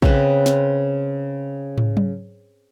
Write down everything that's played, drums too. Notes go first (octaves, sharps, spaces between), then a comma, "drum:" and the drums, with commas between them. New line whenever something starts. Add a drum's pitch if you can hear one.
C#3 C4 B4, drum: kick A#1
drum: snare
drum: tom
drum: tom F#3